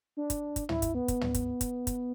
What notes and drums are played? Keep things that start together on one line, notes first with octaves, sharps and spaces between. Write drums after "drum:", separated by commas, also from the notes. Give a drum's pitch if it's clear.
D4
drum: kick, hi-hat
drum: kick, hi-hat
E4, drum: tom
drum: kick, hi-hat
B3
drum: kick, hi-hat
drum: tom
drum: kick, hi-hat
drum: kick, hi-hat
drum: kick, hi-hat